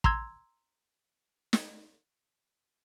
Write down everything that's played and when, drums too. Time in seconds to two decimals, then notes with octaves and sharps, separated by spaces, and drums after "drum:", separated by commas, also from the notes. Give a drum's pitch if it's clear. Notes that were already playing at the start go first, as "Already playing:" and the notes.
0.04 A#5 C6 E6 G#6, drum: kick
1.53 drum: snare